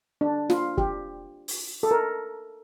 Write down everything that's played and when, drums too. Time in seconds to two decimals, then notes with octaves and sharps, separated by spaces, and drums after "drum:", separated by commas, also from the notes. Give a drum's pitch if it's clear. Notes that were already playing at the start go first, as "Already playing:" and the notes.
0.21 D4
0.50 F4, drum: snare
0.78 G4, drum: kick
1.48 drum: open hi-hat
1.83 A4
1.91 A#4